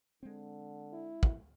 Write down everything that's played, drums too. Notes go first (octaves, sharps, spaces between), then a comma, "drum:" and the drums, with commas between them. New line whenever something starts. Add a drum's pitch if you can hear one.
D3 G#3 C4
E4
drum: kick